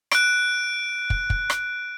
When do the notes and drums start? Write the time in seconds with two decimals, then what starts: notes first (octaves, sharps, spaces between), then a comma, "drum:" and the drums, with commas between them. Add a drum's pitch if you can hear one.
0.11 F#6 D7, drum: rim click
1.10 drum: kick
1.30 drum: kick
1.50 drum: rim click